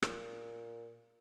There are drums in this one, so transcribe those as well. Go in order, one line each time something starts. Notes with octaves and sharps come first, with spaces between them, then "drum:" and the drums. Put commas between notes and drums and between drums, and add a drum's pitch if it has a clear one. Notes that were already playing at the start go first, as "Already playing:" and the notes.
A#2, drum: rim click